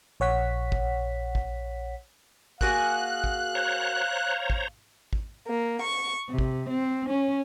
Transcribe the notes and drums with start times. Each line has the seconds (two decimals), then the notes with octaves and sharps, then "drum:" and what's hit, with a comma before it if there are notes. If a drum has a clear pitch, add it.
0.20 A#1 C#5 F#5 B6
0.72 drum: kick
1.35 drum: kick
2.61 A#3 F#4 G#4 F5 F#6, drum: kick
3.24 drum: kick
3.55 C5 C#5 A#5
4.50 drum: kick
5.13 drum: kick
5.48 A#3
5.81 C#6
6.29 C3
6.38 drum: kick
6.69 C4
7.09 C#4